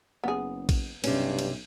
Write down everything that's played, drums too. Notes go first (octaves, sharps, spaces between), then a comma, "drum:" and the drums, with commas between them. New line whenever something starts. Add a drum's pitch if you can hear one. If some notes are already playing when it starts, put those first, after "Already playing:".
F#1 B3 G#4
drum: kick A#1, cymbal
B1 G2 C3 C#4, drum: cymbal
drum: cymbal